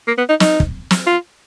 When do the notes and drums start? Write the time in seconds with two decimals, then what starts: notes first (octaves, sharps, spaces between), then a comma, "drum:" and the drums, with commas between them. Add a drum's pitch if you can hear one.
0.07 A#3
0.18 B3
0.29 D#4
0.40 D#4, drum: snare
0.60 drum: kick
0.91 drum: snare
1.07 F4